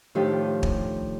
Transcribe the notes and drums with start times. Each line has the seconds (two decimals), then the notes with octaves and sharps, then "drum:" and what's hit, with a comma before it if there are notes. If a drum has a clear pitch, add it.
0.15 A2 D#3 F3 D4 D#4 G4
0.63 drum: kick